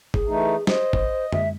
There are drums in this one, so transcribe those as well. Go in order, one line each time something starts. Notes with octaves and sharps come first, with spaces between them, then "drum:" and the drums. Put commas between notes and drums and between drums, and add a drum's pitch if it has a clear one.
G#4, drum: kick
E3 A3 D#4
C5 D#5, drum: snare
drum: kick
E5, drum: tom